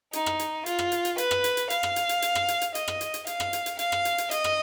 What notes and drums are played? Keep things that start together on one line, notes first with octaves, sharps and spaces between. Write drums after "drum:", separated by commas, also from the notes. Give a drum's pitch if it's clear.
D#4, drum: hi-hat
drum: rim click
drum: hi-hat
F4, drum: hi-hat
drum: rim click
drum: hi-hat
drum: hi-hat
B4, drum: hi-hat
drum: rim click
drum: hi-hat
drum: hi-hat
F5, drum: hi-hat
drum: rim click
drum: hi-hat
drum: hi-hat
drum: hi-hat
drum: rim click
drum: hi-hat
drum: hi-hat
D#5, drum: hi-hat
drum: rim click
drum: hi-hat
drum: hi-hat
F5, drum: hi-hat
drum: rim click
drum: hi-hat
drum: hi-hat
F5, drum: hi-hat
drum: rim click
drum: hi-hat
drum: hi-hat
D#5, drum: hi-hat
drum: rim click